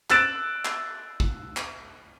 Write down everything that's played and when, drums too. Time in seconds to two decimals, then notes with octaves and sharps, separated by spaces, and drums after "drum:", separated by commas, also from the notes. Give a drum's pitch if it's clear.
0.10 E6 F#6 A6 D7 E7, drum: clap
0.65 drum: clap
1.20 drum: kick
1.57 drum: clap